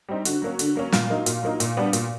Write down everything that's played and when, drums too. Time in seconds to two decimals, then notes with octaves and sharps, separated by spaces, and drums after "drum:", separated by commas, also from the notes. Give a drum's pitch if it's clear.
0.09 G3 C4 D#4
0.25 D3 F#4, drum: hi-hat
0.42 F#3 A#3 C#4
0.59 D3, drum: hi-hat
0.75 F#3 A#3 C#4
0.92 A#2 F4, drum: snare
1.10 F#3 A#3 D#4
1.26 A#2, drum: hi-hat
1.43 F#3 A#3 D#4
1.60 A#2, drum: hi-hat
1.77 G3 B3 D4
1.93 A#2, drum: hi-hat